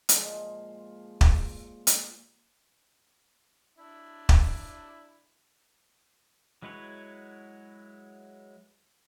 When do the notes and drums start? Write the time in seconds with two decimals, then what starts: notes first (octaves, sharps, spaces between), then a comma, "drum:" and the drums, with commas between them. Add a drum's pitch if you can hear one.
0.09 A#2 F3 G#3, drum: hi-hat
1.21 drum: kick
1.87 drum: hi-hat
3.78 D4 E4
4.29 drum: kick
6.62 F#3 G#3 E4 B4 C#5